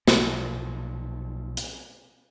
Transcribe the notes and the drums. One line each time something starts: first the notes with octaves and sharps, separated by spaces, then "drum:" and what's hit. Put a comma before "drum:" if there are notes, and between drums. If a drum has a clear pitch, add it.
B1 A#2 F3, drum: snare
drum: hi-hat